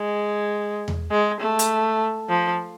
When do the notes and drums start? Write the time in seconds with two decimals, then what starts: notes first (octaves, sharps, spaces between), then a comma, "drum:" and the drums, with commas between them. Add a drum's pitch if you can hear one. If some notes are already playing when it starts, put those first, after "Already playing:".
Already playing: G#3
0.88 drum: tom E2
1.11 G#3
1.41 A3
1.59 drum: hi-hat
2.30 F3